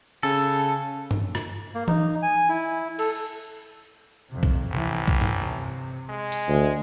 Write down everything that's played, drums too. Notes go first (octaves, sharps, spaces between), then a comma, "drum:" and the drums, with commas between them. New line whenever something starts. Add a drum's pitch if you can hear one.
C#3 A4
drum: tom G2
drum: rim click
A#3
D#4, drum: tom E3
G#5
E4
A4, drum: cymbal
F2 C3
drum: kick B1
A1 C3 E3
C3, drum: kick B1
drum: tom G2
G#3
drum: hi-hat
D2